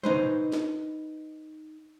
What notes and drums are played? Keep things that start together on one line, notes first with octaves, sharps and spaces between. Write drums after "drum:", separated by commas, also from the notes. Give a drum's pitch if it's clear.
D#4 B4 C5, drum: tom
drum: snare